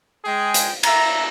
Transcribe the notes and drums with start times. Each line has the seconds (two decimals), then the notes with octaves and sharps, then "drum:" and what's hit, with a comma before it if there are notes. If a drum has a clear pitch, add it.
0.24 G#3 G#4 G5
0.54 drum: hi-hat
0.83 E5 A#5, drum: cymbal